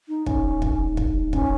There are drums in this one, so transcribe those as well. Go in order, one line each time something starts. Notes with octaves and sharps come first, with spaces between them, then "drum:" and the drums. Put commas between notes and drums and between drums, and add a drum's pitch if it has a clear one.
D#4
C#4 D#4, drum: kick
drum: kick
drum: kick
C#4, drum: kick